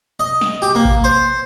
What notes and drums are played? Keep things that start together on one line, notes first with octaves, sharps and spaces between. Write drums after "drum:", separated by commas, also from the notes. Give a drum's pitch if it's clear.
D#5
drum: snare
G4
A#3
drum: kick A1
C5